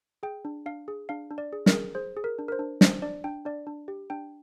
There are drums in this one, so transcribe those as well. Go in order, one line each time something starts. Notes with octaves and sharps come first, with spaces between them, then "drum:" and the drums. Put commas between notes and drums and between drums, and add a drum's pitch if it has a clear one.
G#4 G5
D4
D4 F5
G#4
D4 F5
D4
D5
G#4
A#4, drum: snare
G#4
G#4 C5
G#4
A#4
D4
A#4
C5
D4
D4 C5, drum: snare
D4 D5
D4 G5
D4 D5
D4
G4
D4 G5